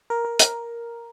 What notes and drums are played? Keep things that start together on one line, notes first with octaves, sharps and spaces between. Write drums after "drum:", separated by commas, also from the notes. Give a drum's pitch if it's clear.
A#4
A#4
A#4, drum: hi-hat